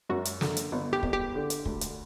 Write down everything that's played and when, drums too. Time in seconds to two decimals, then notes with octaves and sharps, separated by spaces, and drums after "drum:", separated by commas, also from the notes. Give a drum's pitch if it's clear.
0.09 F#2 F#4
0.25 drum: hi-hat
0.41 D3, drum: snare
0.57 drum: hi-hat
0.72 G1
0.93 G4
1.03 G1, drum: kick
1.13 G4
1.35 D3
1.50 drum: hi-hat
1.65 D2, drum: kick
1.81 drum: hi-hat